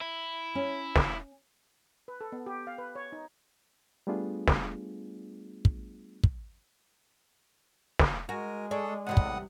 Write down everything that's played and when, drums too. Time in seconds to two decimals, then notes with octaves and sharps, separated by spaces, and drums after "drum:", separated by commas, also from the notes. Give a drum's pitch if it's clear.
0.01 E4
0.55 C#4
0.96 drum: snare
2.08 B4
2.21 A4
2.32 B3
2.46 G4
2.67 F5
2.78 B4
2.95 C#5
3.12 D#4
4.07 G3 A3 B3 D4 F4 G#4
4.48 drum: snare
5.65 drum: kick
6.24 drum: kick
7.99 drum: snare
8.29 G#3 F#4 A#4 G#5
8.71 G#4 A4 C#5 D5
9.06 E2 A2 C3 G3 F#5 D#6
9.17 drum: kick